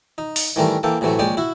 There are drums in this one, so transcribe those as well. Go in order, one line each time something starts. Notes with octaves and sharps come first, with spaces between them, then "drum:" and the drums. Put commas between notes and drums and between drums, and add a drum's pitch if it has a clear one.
D#4
drum: open hi-hat
D#3 E3 G3 A3 A#4
E3 A#3 A4 G5
A2 C3 E3 F#3 A3
A#1 G#3 C#4 D5 G5
E4 F#4